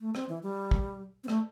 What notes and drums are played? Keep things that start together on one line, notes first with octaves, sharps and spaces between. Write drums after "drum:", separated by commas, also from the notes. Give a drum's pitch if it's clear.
A3
C4, drum: rim click
E3
G3
drum: kick
C4
A3, drum: rim click